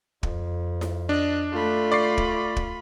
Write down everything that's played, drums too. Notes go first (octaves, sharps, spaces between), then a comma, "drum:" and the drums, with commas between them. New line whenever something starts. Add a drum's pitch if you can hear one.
F2, drum: kick
drum: snare E4
D4 D#5 F#6
A3 F4 B5
D5 C#6 C7
drum: kick
drum: kick